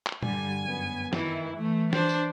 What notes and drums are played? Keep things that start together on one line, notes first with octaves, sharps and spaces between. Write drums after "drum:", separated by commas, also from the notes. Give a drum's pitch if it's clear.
drum: clap
G2 D3 G3 G#5, drum: tom A#2
F#2 B3
D#3 E3 E4, drum: snare
E3 A3
D4 C5, drum: snare
drum: tambourine